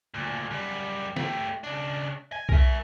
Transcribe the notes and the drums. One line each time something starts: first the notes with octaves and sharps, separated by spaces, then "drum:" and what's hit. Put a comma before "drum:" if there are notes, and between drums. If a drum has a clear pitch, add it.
D2 A#2
F#2 G3
A3 G4, drum: snare
C#3 D4
G#5
A#4 E5, drum: kick B1